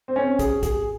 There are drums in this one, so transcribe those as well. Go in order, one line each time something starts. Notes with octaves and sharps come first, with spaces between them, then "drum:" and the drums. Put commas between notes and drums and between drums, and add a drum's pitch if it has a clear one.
C4
C#4
G#4, drum: kick A1, hi-hat
G#4, drum: kick A1, hi-hat